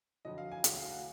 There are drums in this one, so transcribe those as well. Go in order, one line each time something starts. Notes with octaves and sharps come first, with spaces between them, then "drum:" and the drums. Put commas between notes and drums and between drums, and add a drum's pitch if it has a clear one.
F2 D3 F#3 D#5
F5
G#5
D2 D3 F#3, drum: hi-hat
F5
F#5